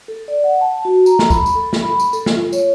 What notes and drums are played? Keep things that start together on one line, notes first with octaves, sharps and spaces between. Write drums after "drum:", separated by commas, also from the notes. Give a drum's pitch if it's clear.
A4
D5
F#5
A5
F#4
A#5, drum: tambourine
drum: snare
B5, drum: kick, tambourine
drum: tambourine
A4
drum: snare
B5
drum: tambourine
A4, drum: tambourine
drum: snare
F4
C#5, drum: tambourine